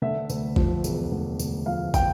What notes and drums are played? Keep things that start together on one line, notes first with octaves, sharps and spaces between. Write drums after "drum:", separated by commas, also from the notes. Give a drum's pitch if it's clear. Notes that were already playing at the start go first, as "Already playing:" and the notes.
D3 E5
D2, drum: tambourine
F3, drum: kick
E1, drum: tambourine
D3
D2, drum: tambourine
F3 F5
G5, drum: kick, tambourine